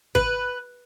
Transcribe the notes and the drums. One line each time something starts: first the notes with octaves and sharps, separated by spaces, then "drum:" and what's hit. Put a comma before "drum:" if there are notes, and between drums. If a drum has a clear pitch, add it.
B4, drum: kick G#1